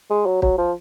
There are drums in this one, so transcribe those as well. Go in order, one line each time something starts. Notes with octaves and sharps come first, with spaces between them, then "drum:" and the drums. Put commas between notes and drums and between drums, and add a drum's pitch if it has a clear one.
G#3
F#3
F#3, drum: kick
F3